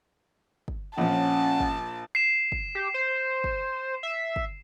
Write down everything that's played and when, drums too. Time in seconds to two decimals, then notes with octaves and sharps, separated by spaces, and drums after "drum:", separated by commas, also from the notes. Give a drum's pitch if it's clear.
0.68 drum: kick
0.98 A#1 F3 C#4 F#5 A5
1.60 drum: kick
2.15 C7 E7
2.52 drum: kick
2.75 G4
2.94 C5
3.44 drum: kick
4.03 E5
4.36 drum: kick